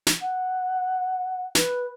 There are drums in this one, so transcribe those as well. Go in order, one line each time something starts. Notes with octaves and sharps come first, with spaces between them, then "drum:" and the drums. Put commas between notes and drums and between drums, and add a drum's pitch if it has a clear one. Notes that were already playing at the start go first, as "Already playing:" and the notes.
drum: snare
F#5
B4, drum: snare